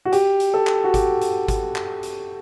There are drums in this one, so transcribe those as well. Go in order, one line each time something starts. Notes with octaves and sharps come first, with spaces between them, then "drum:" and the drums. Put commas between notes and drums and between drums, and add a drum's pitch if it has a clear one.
F#4
G4, drum: hi-hat
drum: hi-hat
A4
drum: clap
F#4
G4, drum: kick G#1, hi-hat
drum: hi-hat
drum: kick G#1, hi-hat
drum: clap
drum: hi-hat